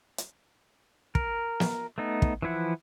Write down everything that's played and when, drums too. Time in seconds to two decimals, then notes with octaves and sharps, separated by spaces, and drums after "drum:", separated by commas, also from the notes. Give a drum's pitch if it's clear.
0.18 drum: hi-hat
1.15 A#4, drum: kick
1.60 drum: snare
1.98 A3 B3 D#4
2.22 drum: kick
2.42 E3 F3 E4 F#5